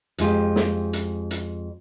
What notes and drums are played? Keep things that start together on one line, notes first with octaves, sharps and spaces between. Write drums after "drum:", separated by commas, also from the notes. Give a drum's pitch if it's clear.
F2 G#3 F4 G4, drum: hi-hat
drum: snare
drum: hi-hat
drum: hi-hat